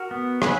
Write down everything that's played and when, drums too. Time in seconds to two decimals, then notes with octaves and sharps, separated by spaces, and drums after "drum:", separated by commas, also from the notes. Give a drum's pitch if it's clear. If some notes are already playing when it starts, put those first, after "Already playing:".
Already playing: F#4 A#4
0.11 B3
0.42 F#3 G#4 B4, drum: rim click